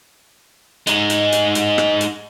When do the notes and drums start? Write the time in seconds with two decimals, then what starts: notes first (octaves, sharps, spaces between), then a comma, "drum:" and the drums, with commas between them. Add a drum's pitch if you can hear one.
0.87 G#3 D#4, drum: hi-hat
1.10 drum: hi-hat
1.32 drum: hi-hat
1.55 drum: hi-hat
1.78 drum: rim click
2.01 drum: hi-hat